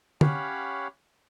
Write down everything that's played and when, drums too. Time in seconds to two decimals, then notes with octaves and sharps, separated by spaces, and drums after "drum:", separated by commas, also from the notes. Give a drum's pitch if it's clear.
0.21 C#4 G4 C#5 F5 F#5 B5, drum: tom